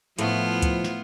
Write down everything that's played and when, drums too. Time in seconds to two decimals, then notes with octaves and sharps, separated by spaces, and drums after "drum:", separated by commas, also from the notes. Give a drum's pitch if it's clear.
0.19 A2 F3 A3 B3 E4 F4, drum: hi-hat
0.62 drum: kick, hi-hat
0.84 drum: snare